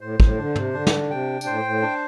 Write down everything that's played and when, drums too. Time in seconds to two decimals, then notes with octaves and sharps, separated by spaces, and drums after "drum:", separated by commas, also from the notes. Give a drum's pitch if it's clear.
0.01 A2 C5
0.20 A2, drum: kick
0.37 D3 D4
0.56 C3, drum: tom
0.74 D3 D4
0.87 drum: snare
1.10 C3 G5
1.41 C3, drum: tambourine
1.46 A2 C5
1.65 A2
1.82 D4